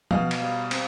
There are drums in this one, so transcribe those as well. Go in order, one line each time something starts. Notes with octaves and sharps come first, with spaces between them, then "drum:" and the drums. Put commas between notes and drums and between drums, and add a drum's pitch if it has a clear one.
B2 F5, drum: tom
drum: cymbal
G3
C4, drum: cymbal